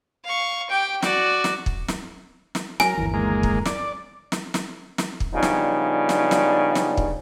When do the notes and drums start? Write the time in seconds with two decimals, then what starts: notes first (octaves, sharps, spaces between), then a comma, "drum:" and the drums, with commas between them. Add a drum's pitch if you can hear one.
0.24 F5 C#6
0.70 G4 G5
1.02 F#4 D5, drum: snare
1.44 drum: snare
1.66 drum: kick
1.88 drum: snare
2.55 drum: snare
2.80 F#3 A#4 G#5, drum: snare
2.98 G1 D#2 E3
3.14 G#3 A#3
3.43 drum: kick
3.65 D5, drum: snare
4.32 drum: snare
4.54 drum: snare
4.98 drum: snare
5.20 drum: kick
5.33 C#3 F3 G3 B3 D4 D#4
5.42 drum: snare
6.09 drum: snare
6.31 drum: snare
6.75 drum: snare
6.97 drum: kick